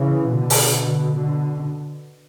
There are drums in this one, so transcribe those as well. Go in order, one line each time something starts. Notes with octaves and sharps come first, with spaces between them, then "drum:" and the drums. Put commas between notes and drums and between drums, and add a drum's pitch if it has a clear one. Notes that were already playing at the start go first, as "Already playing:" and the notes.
Already playing: C#3 E3
B2 D3
drum: open hi-hat
B2 D3